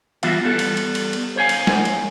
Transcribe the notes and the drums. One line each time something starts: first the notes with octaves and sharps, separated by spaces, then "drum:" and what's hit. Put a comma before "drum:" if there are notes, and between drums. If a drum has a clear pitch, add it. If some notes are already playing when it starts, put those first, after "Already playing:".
E3 G3 B3 F4 F#4 E5, drum: cymbal
G3 B3 A4
drum: cymbal
drum: cymbal
drum: cymbal
drum: cymbal
C5 C#5 F5 G#5
drum: cymbal
drum: snare
drum: cymbal